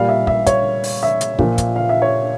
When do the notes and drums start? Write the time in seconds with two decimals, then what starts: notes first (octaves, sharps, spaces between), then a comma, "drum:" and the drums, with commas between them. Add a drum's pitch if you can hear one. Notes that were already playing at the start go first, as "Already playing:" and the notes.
Already playing: A#2 G3 F5
0.09 E5
0.27 E5, drum: kick
0.46 C#5, drum: kick, hi-hat
0.84 drum: open hi-hat
1.03 E5
1.21 drum: hi-hat
1.39 A#2 F3, drum: kick
1.58 drum: kick, hi-hat
1.76 F5
1.89 E5
2.02 C#5